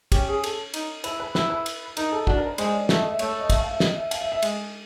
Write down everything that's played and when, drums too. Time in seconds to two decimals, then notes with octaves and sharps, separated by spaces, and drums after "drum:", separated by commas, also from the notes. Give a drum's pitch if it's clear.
0.12 C#4 G4, drum: kick, cymbal
0.28 G#4
0.43 A4, drum: cymbal
0.74 D#4, drum: cymbal
1.04 E4 B4, drum: cymbal
1.20 B4
1.35 E4 B4, drum: snare
1.50 B4
1.66 drum: cymbal
1.97 D#4 A#4, drum: cymbal
2.12 A4
2.27 D4 F#4, drum: kick
2.37 A#4
2.47 B4
2.58 G#3 C5, drum: cymbal
2.73 D5
2.89 A3 E5, drum: snare
2.99 D#5
3.09 E5
3.19 A3 C#5, drum: cymbal
3.29 C#5
3.40 D#5
3.50 E5, drum: kick, cymbal
3.60 F5
3.71 E5
3.80 D#5, drum: snare
3.96 E5
4.11 F5, drum: cymbal
4.21 E5
4.32 E5
4.42 G#3, drum: cymbal